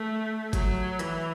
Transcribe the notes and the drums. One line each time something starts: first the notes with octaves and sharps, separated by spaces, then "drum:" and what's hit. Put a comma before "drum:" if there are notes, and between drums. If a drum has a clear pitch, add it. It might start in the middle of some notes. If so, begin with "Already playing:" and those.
Already playing: A3
F#3, drum: kick G1, hi-hat
E3, drum: hi-hat